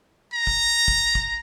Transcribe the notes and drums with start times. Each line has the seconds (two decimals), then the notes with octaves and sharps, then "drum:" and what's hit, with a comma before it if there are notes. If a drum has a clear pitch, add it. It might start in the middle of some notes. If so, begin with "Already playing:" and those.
0.33 A#5
0.47 drum: kick
0.88 drum: kick
1.15 drum: kick